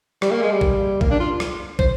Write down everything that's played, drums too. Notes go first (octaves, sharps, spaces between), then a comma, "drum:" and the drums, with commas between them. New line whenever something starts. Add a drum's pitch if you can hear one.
G3, drum: rim click
A#3
G#3
G3
drum: kick
A#3, drum: kick
D4
F4
drum: rim click
C5, drum: kick